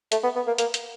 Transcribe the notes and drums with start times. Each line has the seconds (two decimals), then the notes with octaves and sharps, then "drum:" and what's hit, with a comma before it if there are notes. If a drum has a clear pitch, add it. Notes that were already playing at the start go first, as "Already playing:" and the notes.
0.12 A3, drum: hi-hat
0.23 B3
0.36 B3
0.47 A#3
0.58 A#3, drum: hi-hat
0.74 drum: hi-hat